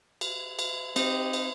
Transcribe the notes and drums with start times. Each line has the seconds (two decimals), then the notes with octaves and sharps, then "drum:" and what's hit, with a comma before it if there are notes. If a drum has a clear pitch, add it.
0.21 drum: cymbal
0.59 drum: cymbal
0.96 C4 D#4 G4, drum: cymbal
1.33 drum: cymbal